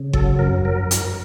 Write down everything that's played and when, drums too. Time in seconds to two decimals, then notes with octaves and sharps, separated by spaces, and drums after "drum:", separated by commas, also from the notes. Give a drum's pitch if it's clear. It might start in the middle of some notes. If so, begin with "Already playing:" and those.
Already playing: C#3
0.13 F#3 A4, drum: kick G1
0.39 F#2 A#4
0.65 F#2 A#4
0.91 F#2, drum: hi-hat